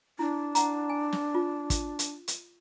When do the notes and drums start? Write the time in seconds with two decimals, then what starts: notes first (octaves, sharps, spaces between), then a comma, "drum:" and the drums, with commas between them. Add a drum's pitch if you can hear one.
0.19 D4 E4
0.55 F#5 A#5, drum: hi-hat
0.89 G#5
1.12 drum: snare
1.34 F4
1.70 drum: kick, hi-hat
1.99 drum: hi-hat
2.28 drum: hi-hat